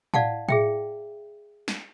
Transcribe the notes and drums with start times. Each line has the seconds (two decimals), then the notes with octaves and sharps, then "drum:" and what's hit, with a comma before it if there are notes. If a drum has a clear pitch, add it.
0.14 D5 F5 F#5 A5, drum: tom A2
0.49 G#4 E5 G5, drum: tom A2
1.68 drum: snare